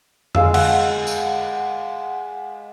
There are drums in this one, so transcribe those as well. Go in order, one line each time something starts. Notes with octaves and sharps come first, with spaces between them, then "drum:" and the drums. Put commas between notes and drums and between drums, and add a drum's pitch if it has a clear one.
G#3 F5 D#6 E6, drum: tom F2
F#5, drum: cymbal
drum: tambourine